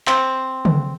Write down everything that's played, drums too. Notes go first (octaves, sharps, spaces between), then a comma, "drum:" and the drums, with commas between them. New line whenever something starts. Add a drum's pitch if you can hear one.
C4, drum: clap
drum: tom C#3